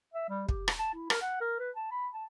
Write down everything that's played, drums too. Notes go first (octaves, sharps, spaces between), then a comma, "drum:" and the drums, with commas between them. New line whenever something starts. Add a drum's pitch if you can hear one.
E5
G3
G4, drum: kick
drum: rim click
A5
E4
A#4, drum: rim click
F#5
A#4
B4
A5
B5
A5